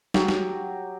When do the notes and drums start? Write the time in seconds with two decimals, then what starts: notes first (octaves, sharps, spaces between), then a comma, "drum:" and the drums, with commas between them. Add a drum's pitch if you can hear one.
0.14 F#3 G4, drum: snare
0.28 drum: snare